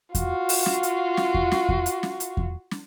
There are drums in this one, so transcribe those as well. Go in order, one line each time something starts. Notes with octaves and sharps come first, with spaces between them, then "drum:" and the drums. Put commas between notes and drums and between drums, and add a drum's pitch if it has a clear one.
F4 F#4, drum: kick E2, hi-hat
drum: open hi-hat
drum: snare
drum: hi-hat
drum: snare
drum: kick E2
drum: snare
drum: kick E2
drum: hi-hat
drum: snare
drum: hi-hat
drum: kick E2
drum: snare